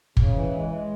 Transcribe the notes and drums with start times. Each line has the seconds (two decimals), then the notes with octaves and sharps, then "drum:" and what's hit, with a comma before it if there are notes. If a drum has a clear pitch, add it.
0.17 C#3, drum: kick
0.34 E3
0.52 G#3
0.69 G#3